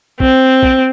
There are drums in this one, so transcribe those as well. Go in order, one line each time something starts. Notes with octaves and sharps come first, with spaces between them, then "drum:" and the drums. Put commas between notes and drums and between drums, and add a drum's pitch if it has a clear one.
C4, drum: kick A#1
drum: kick A#1